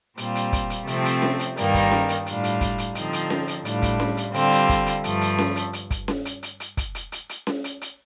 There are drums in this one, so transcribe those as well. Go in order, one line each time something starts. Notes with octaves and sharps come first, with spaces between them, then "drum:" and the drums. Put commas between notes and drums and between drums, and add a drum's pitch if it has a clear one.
A#2 G3 C4 F4, drum: hi-hat
drum: hi-hat
drum: kick, hi-hat
drum: hi-hat
C3 F3 A3 C4, drum: hi-hat
drum: hi-hat
drum: snare C#4
drum: hi-hat
G2 D#3 G3 A#3, drum: hi-hat
drum: kick, hi-hat
drum: snare C#4
drum: hi-hat
A2 G3 D4 F4, drum: hi-hat
drum: hi-hat
drum: kick, hi-hat
drum: hi-hat
D3 F3 C4 D#4, drum: hi-hat
drum: hi-hat
drum: snare C#4
drum: hi-hat
A2 G3 D4 F4, drum: hi-hat
drum: kick, hi-hat
drum: snare C#4
drum: hi-hat
D3 G3 C4 F4, drum: hi-hat
drum: hi-hat
drum: kick, hi-hat
drum: hi-hat
G2 F3 A3, drum: hi-hat
drum: hi-hat
drum: snare C#4
drum: hi-hat
drum: hi-hat
drum: kick, hi-hat
drum: snare C#4
drum: hi-hat
drum: hi-hat
drum: hi-hat
drum: kick, hi-hat
drum: hi-hat
drum: hi-hat
drum: hi-hat
drum: snare C#4
drum: hi-hat
drum: hi-hat